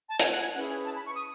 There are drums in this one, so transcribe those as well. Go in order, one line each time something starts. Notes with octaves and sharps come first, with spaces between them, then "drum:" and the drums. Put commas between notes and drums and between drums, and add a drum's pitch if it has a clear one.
A5
G#5, drum: hi-hat
F#5
G#5
C#4 E4 G#4 B4 F#5
G#5
A5
B5
C#6
D#6